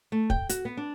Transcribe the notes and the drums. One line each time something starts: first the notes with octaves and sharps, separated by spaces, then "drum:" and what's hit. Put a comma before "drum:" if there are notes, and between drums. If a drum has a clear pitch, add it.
A3
G5, drum: kick
F#4, drum: hi-hat
B3
D4